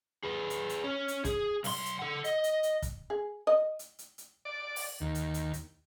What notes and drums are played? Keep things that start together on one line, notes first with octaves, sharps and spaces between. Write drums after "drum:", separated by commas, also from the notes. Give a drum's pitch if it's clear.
G#4 B4
drum: hi-hat
drum: hi-hat
C#4
drum: hi-hat
G#4, drum: kick, hi-hat
B1 C6, drum: open hi-hat
drum: hi-hat
A4 F#5
D#5, drum: hi-hat
drum: hi-hat
drum: hi-hat
drum: kick, hi-hat
G#4
D#5
drum: hi-hat
drum: hi-hat
drum: hi-hat
D5
drum: open hi-hat
D#2
drum: hi-hat
drum: hi-hat
drum: hi-hat